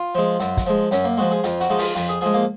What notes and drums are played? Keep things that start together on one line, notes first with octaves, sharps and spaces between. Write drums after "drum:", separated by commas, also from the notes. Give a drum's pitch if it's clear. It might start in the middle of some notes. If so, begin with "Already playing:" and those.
Already playing: F4
F3 G#3
F#2, drum: hi-hat
drum: kick, hi-hat
F3 G#3
F#2 C#4, drum: hi-hat
A#3
F3 G#3 F#4
G#4
F2 F4, drum: hi-hat
F#4, drum: hi-hat
F3 G#3 D#4
F4, drum: open hi-hat
F2 F4, drum: hi-hat
G#4
F3 G#3 G#4
A#3